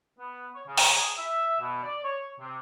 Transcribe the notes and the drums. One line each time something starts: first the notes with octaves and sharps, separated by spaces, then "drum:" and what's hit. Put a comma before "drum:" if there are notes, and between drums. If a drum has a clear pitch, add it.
B3
C#5
C#3
drum: open hi-hat
G#4
E5
B2
D5
C#5
C3